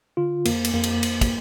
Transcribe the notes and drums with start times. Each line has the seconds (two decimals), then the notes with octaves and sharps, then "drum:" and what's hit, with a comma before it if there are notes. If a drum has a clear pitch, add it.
0.17 D3 F4
0.45 F2 A#3, drum: cymbal
0.65 drum: cymbal
0.74 F2 A#3
0.83 drum: cymbal
1.03 F2, drum: cymbal
1.21 drum: kick, cymbal